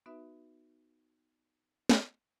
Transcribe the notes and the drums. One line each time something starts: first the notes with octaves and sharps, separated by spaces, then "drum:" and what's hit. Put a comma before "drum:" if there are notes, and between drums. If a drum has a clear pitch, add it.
B3 D#4 F#4 B4 E5
drum: snare